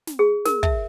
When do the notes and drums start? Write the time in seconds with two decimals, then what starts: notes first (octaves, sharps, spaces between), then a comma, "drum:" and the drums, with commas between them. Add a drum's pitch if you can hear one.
0.07 drum: snare
0.19 G#4
0.45 A#4, drum: snare
0.63 E5, drum: kick